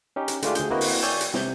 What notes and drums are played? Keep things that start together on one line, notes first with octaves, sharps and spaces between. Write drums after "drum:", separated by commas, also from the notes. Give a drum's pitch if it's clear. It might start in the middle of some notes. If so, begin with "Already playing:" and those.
C#4 D#4 G4
drum: hi-hat
D3 G#3 A3 D4 F4 G4, drum: hi-hat
D2 G#4 G6, drum: hi-hat
A#3 C4 E4 F#4 B4 D#5
drum: open hi-hat
C#5 D5 G5 G#5 E6 G6
drum: hi-hat
C3 G6, drum: snare